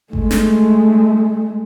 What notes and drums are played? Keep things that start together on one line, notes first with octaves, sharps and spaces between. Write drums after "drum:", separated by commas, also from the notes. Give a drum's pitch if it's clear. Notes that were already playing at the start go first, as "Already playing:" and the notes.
G#3 A3, drum: kick G1
drum: snare